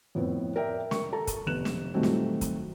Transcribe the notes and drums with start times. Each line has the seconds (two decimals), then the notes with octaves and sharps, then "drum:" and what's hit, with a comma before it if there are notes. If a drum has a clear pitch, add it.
0.15 F2 A2 B3 C4 E4
0.56 A#4 D5 E5 G5
0.91 A#4 C#6, drum: snare
1.13 A4 A5 A#5
1.27 drum: kick, hi-hat
1.46 F1 B3 F#6 E7
1.65 drum: snare
1.94 A#2 D#3 F#3 G3 A3 C4
2.03 drum: snare
2.41 drum: kick, hi-hat